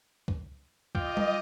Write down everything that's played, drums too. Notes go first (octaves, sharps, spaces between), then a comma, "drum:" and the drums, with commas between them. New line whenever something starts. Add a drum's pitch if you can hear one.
drum: kick C2
F4 D#5 G5 D6, drum: kick C2
drum: tom G3